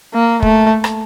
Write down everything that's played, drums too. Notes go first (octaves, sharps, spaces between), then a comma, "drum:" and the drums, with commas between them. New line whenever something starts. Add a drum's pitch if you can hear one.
A#3
A3, drum: kick
drum: rim click